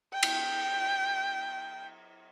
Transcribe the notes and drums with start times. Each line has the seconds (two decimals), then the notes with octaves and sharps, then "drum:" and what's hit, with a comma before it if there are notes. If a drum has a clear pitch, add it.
0.13 G5
0.23 drum: cymbal